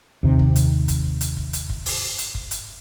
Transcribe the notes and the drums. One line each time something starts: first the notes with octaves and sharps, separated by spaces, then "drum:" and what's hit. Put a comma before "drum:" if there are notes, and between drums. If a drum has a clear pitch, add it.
D#2 C3
drum: kick
drum: hi-hat
drum: kick, hi-hat
drum: hi-hat
drum: kick
drum: hi-hat
drum: kick
drum: open hi-hat
drum: hi-hat
drum: kick
drum: hi-hat